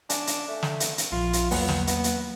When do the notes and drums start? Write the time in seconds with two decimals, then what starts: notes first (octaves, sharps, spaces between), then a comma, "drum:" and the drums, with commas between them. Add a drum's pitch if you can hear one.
0.10 D4 G#5, drum: hi-hat
0.27 drum: hi-hat
0.49 A3
0.63 drum: snare
0.80 drum: hi-hat
0.98 drum: hi-hat
1.12 A#1 F3 F4
1.33 drum: hi-hat
1.51 E2 F#3 A#3 B3, drum: open hi-hat
1.69 drum: snare
1.87 B3, drum: hi-hat
2.04 drum: hi-hat